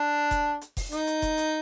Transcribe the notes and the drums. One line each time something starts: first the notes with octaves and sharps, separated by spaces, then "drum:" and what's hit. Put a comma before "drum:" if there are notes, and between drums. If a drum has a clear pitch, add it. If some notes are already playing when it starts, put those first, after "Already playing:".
Already playing: D4
drum: kick F1, hi-hat
drum: hi-hat
drum: kick F1, open hi-hat
D#4, drum: hi-hat
drum: hi-hat
drum: kick F1, hi-hat
drum: hi-hat